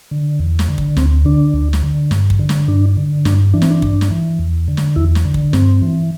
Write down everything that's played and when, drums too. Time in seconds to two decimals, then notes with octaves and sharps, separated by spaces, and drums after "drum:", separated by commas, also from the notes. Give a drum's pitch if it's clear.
0.11 D3
0.39 E2
0.59 drum: snare
0.68 D3
0.78 drum: kick
0.97 D2 C4, drum: snare
1.25 D3 D4
1.54 D2
1.73 drum: snare
1.83 D3
2.11 G2, drum: snare
2.30 drum: kick
2.39 D3
2.49 drum: snare
2.68 G2 D4
2.97 D3
3.25 G2 D4, drum: snare
3.54 E3 D4
3.62 C4, drum: snare
3.70 D4
3.82 G2, drum: kick
4.01 drum: snare
4.10 E3
4.39 E2
4.68 D3
4.77 drum: snare
4.96 E2 E4
5.15 drum: snare
5.25 D3
5.34 drum: kick
5.53 G2 C4, drum: snare
5.82 E3